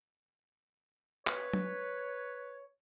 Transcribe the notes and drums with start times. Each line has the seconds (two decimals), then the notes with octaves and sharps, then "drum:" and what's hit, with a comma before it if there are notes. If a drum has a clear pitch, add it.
1.27 B4 C#5, drum: clap
1.53 drum: tom F#3